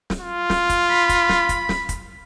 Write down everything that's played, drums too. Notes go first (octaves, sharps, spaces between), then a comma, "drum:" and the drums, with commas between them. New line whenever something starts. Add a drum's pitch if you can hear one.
drum: snare
F4
drum: snare
drum: kick, hi-hat
B5
drum: kick, hi-hat
drum: snare
drum: kick, hi-hat
drum: snare
drum: kick, hi-hat